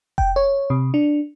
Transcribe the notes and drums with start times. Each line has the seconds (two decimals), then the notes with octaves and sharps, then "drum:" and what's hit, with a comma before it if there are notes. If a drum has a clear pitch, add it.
0.18 G5, drum: kick F1
0.36 C#5
0.70 C3
0.94 D4